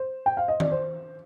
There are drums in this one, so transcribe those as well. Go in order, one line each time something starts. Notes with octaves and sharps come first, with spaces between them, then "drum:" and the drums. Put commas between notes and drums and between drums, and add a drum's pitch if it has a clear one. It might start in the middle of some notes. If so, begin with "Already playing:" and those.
Already playing: C5
G5
F5
D#5
D5, drum: tom D#3
C5